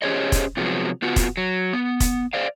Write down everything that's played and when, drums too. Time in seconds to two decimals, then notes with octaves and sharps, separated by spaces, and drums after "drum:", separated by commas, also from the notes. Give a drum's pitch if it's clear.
0.02 C#4 G4 G#4 C5 C#5 D#5
0.32 drum: kick, hi-hat
0.57 C3 F3 F#3 G#3 B3
1.02 B3 F4 F#4
1.16 drum: kick, hi-hat
1.37 F#3
1.73 B3
2.00 drum: kick, hi-hat
2.33 C5 D5 F5